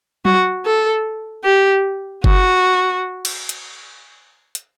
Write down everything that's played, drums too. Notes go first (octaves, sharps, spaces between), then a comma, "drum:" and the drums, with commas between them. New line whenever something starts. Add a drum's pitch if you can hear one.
F#4, drum: tom F#3
A4
G4
F#4, drum: kick F#1
drum: cymbal
drum: hi-hat
drum: hi-hat